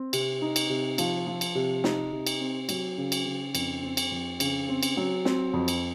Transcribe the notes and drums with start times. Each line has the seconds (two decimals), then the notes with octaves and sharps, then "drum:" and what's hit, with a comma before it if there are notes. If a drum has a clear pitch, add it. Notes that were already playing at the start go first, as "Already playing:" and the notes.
Already playing: C4
0.13 C3, drum: cymbal
0.42 D#4
0.56 drum: cymbal
0.70 C3
0.98 F3, drum: cymbal
1.27 F3
1.41 drum: cymbal
1.55 C3
1.84 D#4, drum: snare
2.12 C3
2.27 drum: cymbal
2.41 C4
2.69 F#3, drum: cymbal
2.98 C#3
3.12 drum: cymbal
3.26 C#3
3.55 F2, drum: cymbal
3.83 C4
3.97 drum: cymbal
4.12 F2
4.40 C#3, drum: cymbal
4.69 C4
4.83 drum: cymbal
4.97 F#3
5.25 C4, drum: snare
5.53 F2
5.68 drum: cymbal